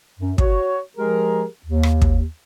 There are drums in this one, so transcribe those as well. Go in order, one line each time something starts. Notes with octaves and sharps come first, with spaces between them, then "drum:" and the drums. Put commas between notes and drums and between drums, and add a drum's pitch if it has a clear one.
F#2
F#4 C#5, drum: kick
F3 G#3 G4 G#4 A#4
D#2
drum: rim click
drum: kick